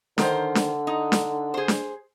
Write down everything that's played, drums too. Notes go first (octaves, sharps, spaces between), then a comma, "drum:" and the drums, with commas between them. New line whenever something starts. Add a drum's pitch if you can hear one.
D3 D#3 A#4 C5, drum: snare D4
drum: snare D4
D#4
drum: snare D4
G#4 C5
drum: snare D4